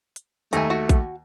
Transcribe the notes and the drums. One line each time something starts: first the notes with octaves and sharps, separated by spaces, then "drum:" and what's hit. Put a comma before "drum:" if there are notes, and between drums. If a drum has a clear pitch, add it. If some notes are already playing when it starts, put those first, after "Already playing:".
drum: hi-hat
D#2 A3 G#5 A#5, drum: hi-hat
F#4
drum: kick A#1, hi-hat